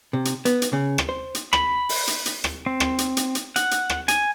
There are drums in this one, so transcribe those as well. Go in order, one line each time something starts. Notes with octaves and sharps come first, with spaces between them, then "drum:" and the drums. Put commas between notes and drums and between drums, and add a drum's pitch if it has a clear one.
C3
drum: hi-hat
B3, drum: hi-hat
drum: hi-hat
C#3
drum: rim click
C5
drum: hi-hat
B5, drum: rim click
drum: open hi-hat
drum: hi-hat
drum: hi-hat
drum: rim click
C4
drum: rim click
drum: hi-hat
drum: hi-hat
drum: hi-hat
F#5, drum: hi-hat
drum: hi-hat
drum: rim click
G#5, drum: hi-hat